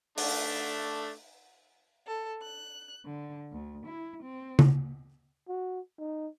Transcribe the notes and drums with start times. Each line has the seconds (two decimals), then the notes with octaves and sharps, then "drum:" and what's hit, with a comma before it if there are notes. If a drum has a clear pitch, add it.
0.18 A3 D4, drum: open hi-hat
2.05 A4
2.41 F#6
3.06 D3
3.52 D2
3.87 E4
4.23 C4
4.59 drum: tom C#3
5.48 F#4
5.99 D#4